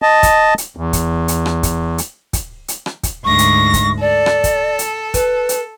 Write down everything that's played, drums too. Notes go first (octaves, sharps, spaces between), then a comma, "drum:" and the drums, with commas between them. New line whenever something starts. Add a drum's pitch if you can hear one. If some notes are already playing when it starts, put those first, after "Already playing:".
D#5 A5
drum: kick, hi-hat
drum: hi-hat
E2
drum: kick, hi-hat
drum: hi-hat
drum: rim click
drum: kick, hi-hat
drum: hi-hat
drum: kick, hi-hat
drum: hi-hat
drum: rim click
drum: kick, hi-hat
D2 G#2 C#6 A#6
drum: hi-hat
drum: kick, hi-hat
A4 D5
drum: rim click
drum: kick, hi-hat
drum: hi-hat
B4, drum: kick, hi-hat
drum: hi-hat